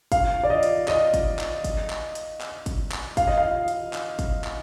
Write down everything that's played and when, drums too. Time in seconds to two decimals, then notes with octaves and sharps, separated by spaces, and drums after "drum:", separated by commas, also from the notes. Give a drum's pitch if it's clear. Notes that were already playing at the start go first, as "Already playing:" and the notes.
0.12 F5, drum: kick, hi-hat
0.43 D5
0.50 D#5
0.63 drum: hi-hat
0.88 D#5, drum: clap
1.14 drum: kick, hi-hat
1.39 drum: clap
1.64 drum: kick, hi-hat
1.90 drum: clap
2.15 drum: hi-hat
2.41 drum: clap
2.66 drum: kick, hi-hat
2.92 drum: clap
3.17 F5, drum: kick, hi-hat
3.27 D#5
3.38 F5
3.68 drum: hi-hat
3.93 drum: clap
4.19 drum: kick, hi-hat
4.44 drum: clap